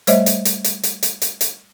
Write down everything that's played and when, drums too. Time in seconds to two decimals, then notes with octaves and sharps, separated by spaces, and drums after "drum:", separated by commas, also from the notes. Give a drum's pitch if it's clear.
0.07 G3 A3 C5 C#5 D#5 E5, drum: hi-hat
0.26 drum: hi-hat
0.45 drum: hi-hat
0.64 drum: hi-hat
0.83 drum: hi-hat
1.03 drum: hi-hat
1.22 drum: hi-hat
1.41 drum: hi-hat